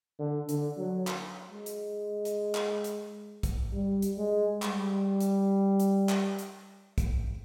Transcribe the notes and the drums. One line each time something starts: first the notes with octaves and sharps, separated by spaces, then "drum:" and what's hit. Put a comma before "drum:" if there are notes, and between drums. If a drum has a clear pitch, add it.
D3
D3, drum: hi-hat
F#3
drum: clap
G#3
drum: hi-hat
drum: hi-hat
drum: clap
drum: hi-hat
drum: kick, hi-hat
G3
drum: hi-hat
G#3
G3, drum: clap
drum: hi-hat
drum: hi-hat
drum: clap
drum: hi-hat
drum: kick, hi-hat